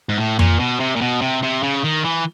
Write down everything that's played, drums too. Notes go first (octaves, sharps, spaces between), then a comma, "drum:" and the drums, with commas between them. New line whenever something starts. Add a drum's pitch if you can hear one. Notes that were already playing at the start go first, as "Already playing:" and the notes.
G#2
A2
A#2, drum: tom F2
B2
C3
A#2
B2
C3
C3
C#3
D#3
E3